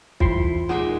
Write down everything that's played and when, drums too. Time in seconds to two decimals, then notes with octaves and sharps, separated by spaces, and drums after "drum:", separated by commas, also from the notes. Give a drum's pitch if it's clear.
0.20 E2 C4 E4 F4 A4 C6, drum: kick
0.69 A#2 G#3 D#4 E5 F#5 D6